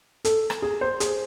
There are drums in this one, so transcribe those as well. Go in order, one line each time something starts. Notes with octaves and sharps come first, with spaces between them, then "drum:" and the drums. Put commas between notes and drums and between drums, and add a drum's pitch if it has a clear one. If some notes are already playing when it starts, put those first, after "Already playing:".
A4, drum: hi-hat
drum: rim click
G#4
C5
G#4, drum: hi-hat